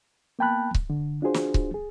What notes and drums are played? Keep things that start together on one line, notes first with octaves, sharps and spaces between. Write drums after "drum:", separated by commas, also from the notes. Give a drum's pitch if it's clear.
A#3 B3 G5 A5 B5 F#6
drum: kick C#1
D3
D4 F4 F#4 G#4 C5
drum: snare
drum: kick C#1
G#4